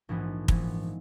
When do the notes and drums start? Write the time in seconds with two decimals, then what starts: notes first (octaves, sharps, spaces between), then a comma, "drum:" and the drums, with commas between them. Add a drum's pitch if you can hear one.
0.09 A#1 G#2 E3 G#3 B3
0.48 A#1 G#2 E3 G#3 B3, drum: kick